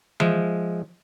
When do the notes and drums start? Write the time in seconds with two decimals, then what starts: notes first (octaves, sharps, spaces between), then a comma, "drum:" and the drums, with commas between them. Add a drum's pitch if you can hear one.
0.20 F3 G#3 E5, drum: tom E3